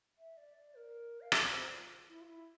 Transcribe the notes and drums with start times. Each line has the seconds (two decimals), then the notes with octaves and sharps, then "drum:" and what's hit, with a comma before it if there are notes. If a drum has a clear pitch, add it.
0.18 E5
0.37 D5
0.57 D5
0.75 A#4
1.21 F5
1.32 E5, drum: rim click
1.41 D5
1.52 C5
1.70 F4
2.08 E4
2.21 F4
2.26 E4